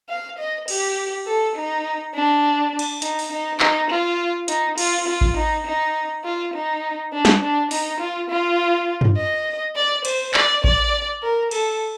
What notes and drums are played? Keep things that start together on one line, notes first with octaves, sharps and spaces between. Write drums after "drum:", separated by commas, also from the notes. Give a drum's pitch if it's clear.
F5
D#5
G4, drum: cymbal
A4
D#4
D4
drum: cymbal
D#4, drum: hi-hat
drum: open hi-hat
D#4
D#4, drum: clap
F4
D#4, drum: hi-hat
F4, drum: cymbal
F4
drum: kick A1
D#4
D#4
F4
D#4
D4
drum: snare
D4
D#4, drum: open hi-hat
F4
F4
drum: tom
D#5
D5
C5, drum: cymbal
D5, drum: clap
D5, drum: kick A1
A#4
A4, drum: cymbal